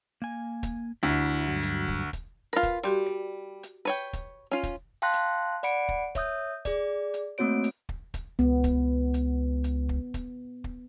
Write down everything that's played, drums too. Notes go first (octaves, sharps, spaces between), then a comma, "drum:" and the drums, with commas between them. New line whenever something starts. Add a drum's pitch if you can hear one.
A#3 G#5
drum: kick, hi-hat
D2 E4
G2 F#3 F#4
drum: hi-hat
drum: kick
drum: kick, hi-hat
F4 A#4 B4 F5
drum: kick, hi-hat
G3 F#4 G4 C6
D5
drum: hi-hat
B4 C#5 G5
drum: kick, hi-hat
C#4 F4
drum: kick, hi-hat
F5 G5 A5 C6 F#6 A#6
drum: hi-hat
D5 F#5 B5 C#7 D7, drum: hi-hat
drum: kick
C#5 E5 D#6 G6, drum: kick, hi-hat
G#4 D5, drum: kick, hi-hat
drum: hi-hat
A3 A#3 C4 F#4 C#5 D7
drum: hi-hat
drum: kick
drum: kick, hi-hat
C#2 B3
drum: kick, hi-hat
drum: hi-hat
drum: hi-hat
drum: kick
drum: kick, hi-hat
drum: kick